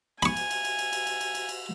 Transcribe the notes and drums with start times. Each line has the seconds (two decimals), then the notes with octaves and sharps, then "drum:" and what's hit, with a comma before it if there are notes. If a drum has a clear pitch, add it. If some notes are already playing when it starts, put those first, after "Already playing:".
0.23 G#5 B5 C#6, drum: cymbal
0.37 drum: cymbal
0.51 drum: cymbal
0.65 drum: cymbal
0.79 drum: cymbal
0.93 drum: cymbal
1.07 drum: cymbal
1.21 drum: cymbal
1.35 drum: cymbal
1.49 drum: cymbal